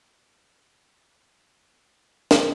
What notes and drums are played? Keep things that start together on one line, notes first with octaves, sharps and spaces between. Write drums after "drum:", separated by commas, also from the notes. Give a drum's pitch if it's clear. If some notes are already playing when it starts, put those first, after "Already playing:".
C#2 B4 D#7 G7
drum: snare